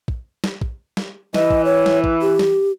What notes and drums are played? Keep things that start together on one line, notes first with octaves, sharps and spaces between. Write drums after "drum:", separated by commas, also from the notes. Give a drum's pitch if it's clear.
drum: kick
drum: snare
drum: kick
drum: snare
E3 D#5, drum: snare
drum: kick
C#5
drum: snare
drum: kick
G4
drum: snare